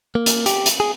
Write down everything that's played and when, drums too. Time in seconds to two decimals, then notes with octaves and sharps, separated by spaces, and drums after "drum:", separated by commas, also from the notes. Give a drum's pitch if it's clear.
0.15 A#3
0.26 drum: hi-hat
0.46 G4, drum: hi-hat
0.66 drum: hi-hat
0.80 G#4